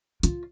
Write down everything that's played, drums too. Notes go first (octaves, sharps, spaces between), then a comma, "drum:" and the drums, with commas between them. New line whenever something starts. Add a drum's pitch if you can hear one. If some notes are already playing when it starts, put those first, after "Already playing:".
F4, drum: hi-hat